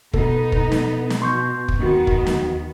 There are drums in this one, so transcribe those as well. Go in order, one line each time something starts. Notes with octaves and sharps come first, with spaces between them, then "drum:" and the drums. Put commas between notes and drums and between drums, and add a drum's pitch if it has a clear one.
B2 B3 D#4 A4, drum: kick
drum: kick
drum: snare
drum: snare
B2 C6 C#6 G6
drum: kick
D#2 D#3 B3 F#4
drum: kick
drum: snare